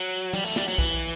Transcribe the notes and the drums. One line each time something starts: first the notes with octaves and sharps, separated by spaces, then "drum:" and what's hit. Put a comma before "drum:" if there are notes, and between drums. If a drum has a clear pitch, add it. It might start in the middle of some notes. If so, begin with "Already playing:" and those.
Already playing: F#3
G3, drum: tom F#3
A3
G3, drum: snare
F#3
E3, drum: kick